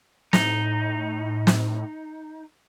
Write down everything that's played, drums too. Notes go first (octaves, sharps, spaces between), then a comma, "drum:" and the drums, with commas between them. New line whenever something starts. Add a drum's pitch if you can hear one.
A2 D#4, drum: snare
drum: snare